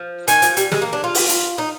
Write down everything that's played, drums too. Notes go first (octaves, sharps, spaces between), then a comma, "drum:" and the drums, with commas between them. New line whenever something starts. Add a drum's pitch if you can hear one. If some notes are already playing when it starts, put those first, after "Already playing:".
Already playing: F3
D#3 G#5, drum: hi-hat
F3, drum: hi-hat
G3, drum: hi-hat
G#3, drum: snare
A#3
D4
F4
drum: open hi-hat
drum: hi-hat
D#4